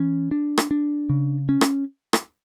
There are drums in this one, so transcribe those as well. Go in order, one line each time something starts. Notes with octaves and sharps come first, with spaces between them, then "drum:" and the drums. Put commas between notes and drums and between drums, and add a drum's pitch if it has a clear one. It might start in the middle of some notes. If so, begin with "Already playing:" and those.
Already playing: E3 C#4
D4
drum: rim click
D4
C#3
C#4
drum: rim click
drum: rim click